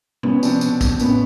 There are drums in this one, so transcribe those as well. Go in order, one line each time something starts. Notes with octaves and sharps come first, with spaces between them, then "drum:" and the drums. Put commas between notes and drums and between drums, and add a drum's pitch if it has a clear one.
C3 B3 C#4, drum: tom
F3 C4 D4, drum: tambourine
B2, drum: tambourine
drum: kick, tambourine
A2 B3 C#4, drum: tambourine